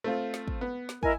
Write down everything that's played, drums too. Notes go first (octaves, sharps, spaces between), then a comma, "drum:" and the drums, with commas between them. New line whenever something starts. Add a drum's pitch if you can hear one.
A3 C4 F4
drum: snare
drum: kick
B3
drum: snare
E4 A#4 D#5 G#5, drum: kick